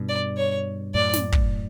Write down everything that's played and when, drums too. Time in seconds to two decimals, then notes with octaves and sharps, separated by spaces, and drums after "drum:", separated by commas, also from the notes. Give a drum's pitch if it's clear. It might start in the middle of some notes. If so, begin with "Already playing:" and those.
Already playing: G2 B2
0.09 D5
0.37 C#5
0.94 F#2 A2 D5
1.13 drum: snare
1.32 drum: kick